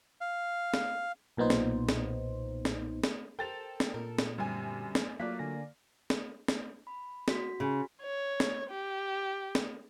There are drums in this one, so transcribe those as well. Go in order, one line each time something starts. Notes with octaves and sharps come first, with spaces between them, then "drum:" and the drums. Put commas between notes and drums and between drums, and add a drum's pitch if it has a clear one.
F5
drum: snare
B1 A#2 B3 D#4 C5
drum: snare
drum: snare
drum: snare
drum: snare
A4 A#4 C5 G5 A6 F7
drum: snare
A#2 A#4
drum: snare
F#2 D3 G3 A3 C4 G#5
drum: snare
F#3 A3 A#3 F4 D5 D6 F#6 B6
D3 G#5 A#6
drum: snare
drum: snare
B5
F#4 B6, drum: snare
C#3
C#5
drum: snare
G4
drum: snare